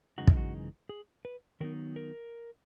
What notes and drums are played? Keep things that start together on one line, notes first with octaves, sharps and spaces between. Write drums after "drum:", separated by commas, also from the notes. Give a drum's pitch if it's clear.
F#2 C#3 E3 G#3 D#4 F#4
E4, drum: kick
F#4
G#4
B4
D#3 F#3 B3 D#4 A#4
A#4